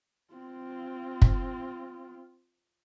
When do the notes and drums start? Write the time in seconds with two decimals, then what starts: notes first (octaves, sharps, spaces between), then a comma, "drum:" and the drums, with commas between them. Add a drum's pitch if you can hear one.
0.34 C4 F4
1.22 drum: kick